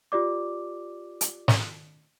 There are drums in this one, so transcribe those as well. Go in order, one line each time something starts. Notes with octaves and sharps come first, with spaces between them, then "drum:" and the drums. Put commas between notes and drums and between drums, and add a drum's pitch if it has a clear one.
F4 G4 D5 D6
drum: hi-hat
drum: snare